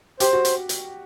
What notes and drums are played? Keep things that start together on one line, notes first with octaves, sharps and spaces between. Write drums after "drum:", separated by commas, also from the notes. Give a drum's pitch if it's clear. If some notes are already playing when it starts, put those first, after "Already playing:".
G4 C5, drum: hi-hat
F#4
drum: hi-hat
drum: hi-hat